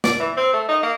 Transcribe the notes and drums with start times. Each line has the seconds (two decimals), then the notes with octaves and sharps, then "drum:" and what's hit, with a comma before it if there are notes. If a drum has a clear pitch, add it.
0.04 D5, drum: snare
0.20 E3
0.37 C4
0.54 A3
0.69 D#4
0.83 A#3